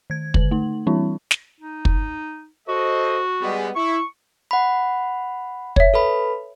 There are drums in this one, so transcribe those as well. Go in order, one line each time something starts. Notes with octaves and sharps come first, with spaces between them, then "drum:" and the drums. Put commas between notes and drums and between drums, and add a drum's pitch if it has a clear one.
D#3 G#6
D3 F#7, drum: kick
A3 D#4
E3 G3 C4 D4 E4
drum: snare
D#4
drum: kick
F#4 A4 C5 D#5
G3 G#3 B3
E4 C#6
F#5 B5
C#5 E5, drum: kick
A4 B4 B5